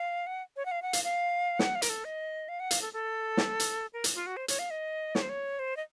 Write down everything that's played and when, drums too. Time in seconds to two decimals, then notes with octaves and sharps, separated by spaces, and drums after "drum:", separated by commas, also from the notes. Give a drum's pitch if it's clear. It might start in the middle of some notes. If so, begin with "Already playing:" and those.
Already playing: F5
0.27 F#5
0.56 C#5
0.66 F#5
0.71 F5
0.82 F#5
0.93 F5, drum: hi-hat
1.04 F5
1.59 F#5, drum: snare
1.75 F5
1.82 A#4, drum: hi-hat
1.89 A4
2.05 D#5
2.49 F5
2.60 F#5
2.71 F5, drum: hi-hat
2.82 A4
2.93 A4
3.37 drum: snare
3.60 drum: hi-hat
3.93 A#4
4.04 drum: hi-hat
4.15 F4
4.26 F#4
4.37 C5
4.48 C#5, drum: hi-hat
4.59 F5
4.71 D#5
5.15 C#5, drum: snare
5.22 C5
5.29 C#5
5.59 C5
5.77 D#5